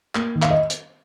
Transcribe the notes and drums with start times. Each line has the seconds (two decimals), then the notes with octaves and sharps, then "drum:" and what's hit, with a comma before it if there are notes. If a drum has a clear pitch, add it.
0.15 A#3, drum: clap
0.35 D#3
0.42 F5, drum: clap
0.51 D#5
0.70 drum: hi-hat